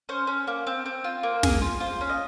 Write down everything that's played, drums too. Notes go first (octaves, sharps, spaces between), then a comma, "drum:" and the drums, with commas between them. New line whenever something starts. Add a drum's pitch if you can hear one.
C#4 C5
C#4
A#3
C4
C4
F4
A#3
G#4, drum: snare
F4
F4 C5
C#4
D#5